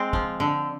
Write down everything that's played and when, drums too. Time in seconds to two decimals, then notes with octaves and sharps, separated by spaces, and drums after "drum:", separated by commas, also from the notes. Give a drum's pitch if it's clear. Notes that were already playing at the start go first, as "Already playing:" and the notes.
Already playing: G#3 C4
0.13 F3, drum: kick
0.40 D3